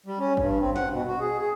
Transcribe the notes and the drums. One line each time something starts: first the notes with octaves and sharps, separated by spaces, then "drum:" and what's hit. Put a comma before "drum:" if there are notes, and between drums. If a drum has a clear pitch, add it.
G3
C#4
G2, drum: kick
C4
F#5, drum: snare
B2
F#4
G#4
G#4